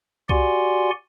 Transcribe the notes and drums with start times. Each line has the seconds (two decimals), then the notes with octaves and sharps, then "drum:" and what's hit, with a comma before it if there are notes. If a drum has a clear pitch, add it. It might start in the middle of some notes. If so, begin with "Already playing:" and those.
0.29 F#4 G4 D5 F#5 G#5 C6, drum: kick C2